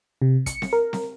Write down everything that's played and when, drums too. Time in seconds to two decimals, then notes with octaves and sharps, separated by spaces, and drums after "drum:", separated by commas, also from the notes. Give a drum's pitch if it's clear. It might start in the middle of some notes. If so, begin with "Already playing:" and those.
0.22 C3
0.46 C#7, drum: kick, hi-hat
0.62 drum: snare C4
0.73 A#4
0.93 drum: snare C4